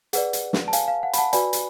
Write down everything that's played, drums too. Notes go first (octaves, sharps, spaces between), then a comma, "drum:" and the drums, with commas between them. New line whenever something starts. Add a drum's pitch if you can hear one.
G#4 B4 D5 F#5, drum: hi-hat
drum: hi-hat
drum: snare
A5
F5 G#5, drum: hi-hat
F5
F#5
B5, drum: hi-hat
F#5 A5
F#4 B4 D5 G#5 B5, drum: hi-hat
drum: hi-hat